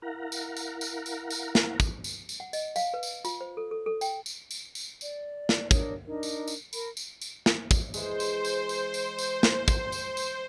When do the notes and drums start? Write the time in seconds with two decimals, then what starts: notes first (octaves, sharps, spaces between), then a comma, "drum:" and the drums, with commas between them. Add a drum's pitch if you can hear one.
0.02 E4 A#4 F5 F#5 A#5
0.32 drum: tambourine
0.57 drum: tambourine
0.81 drum: tambourine
1.06 drum: tambourine
1.30 drum: tambourine
1.55 drum: snare
1.80 drum: kick, tambourine
2.04 drum: tambourine
2.29 drum: tambourine
2.40 F#5
2.53 D#5, drum: tambourine
2.76 F5, drum: tambourine
2.94 B4
3.03 drum: tambourine
3.25 F4, drum: tambourine
3.41 C5
3.57 A4
3.71 A4
3.86 A4
4.01 G5, drum: tambourine
4.26 drum: tambourine
4.51 drum: tambourine
4.75 drum: tambourine
5.01 D5, drum: tambourine
5.49 drum: snare
5.71 D4 A#4 C#5 D#6, drum: kick, tambourine
6.06 D4 D#4 A#4
6.23 drum: tambourine
6.48 drum: tambourine
6.73 A#4 B5, drum: tambourine
6.97 drum: tambourine
7.21 drum: tambourine
7.46 drum: snare
7.71 drum: kick, tambourine
7.94 E3 G#3 C5, drum: tambourine
8.20 drum: tambourine
8.45 drum: tambourine
8.69 drum: tambourine
8.94 drum: tambourine
9.18 drum: tambourine
9.43 drum: snare
9.68 drum: kick, tambourine
9.92 drum: tambourine
10.17 drum: tambourine